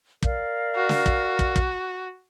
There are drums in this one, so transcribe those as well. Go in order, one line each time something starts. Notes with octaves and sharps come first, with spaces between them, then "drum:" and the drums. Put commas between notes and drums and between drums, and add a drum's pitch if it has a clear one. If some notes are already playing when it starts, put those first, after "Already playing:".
A#4 D5 F5, drum: kick
F#4
drum: snare
drum: kick
drum: kick
drum: kick